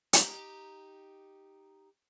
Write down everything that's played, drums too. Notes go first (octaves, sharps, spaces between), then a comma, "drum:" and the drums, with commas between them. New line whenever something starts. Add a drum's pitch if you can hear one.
D#4 G4, drum: hi-hat